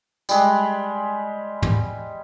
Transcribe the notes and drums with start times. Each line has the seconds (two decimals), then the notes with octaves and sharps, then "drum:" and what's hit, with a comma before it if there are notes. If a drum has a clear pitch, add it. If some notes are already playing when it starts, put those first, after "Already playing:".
0.29 G3 G#3, drum: tambourine
1.62 drum: tom